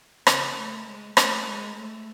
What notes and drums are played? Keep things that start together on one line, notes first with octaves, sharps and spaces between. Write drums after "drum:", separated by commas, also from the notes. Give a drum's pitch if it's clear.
C#3, drum: rim click
A3
G#3
A3, drum: rim click
G#3
A3